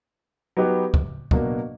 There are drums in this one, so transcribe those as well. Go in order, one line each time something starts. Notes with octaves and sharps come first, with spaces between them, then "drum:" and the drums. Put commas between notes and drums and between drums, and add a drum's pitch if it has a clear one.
F#3 B3 D#4 G4 B4
drum: kick
B2 F#3 A#3 D4, drum: kick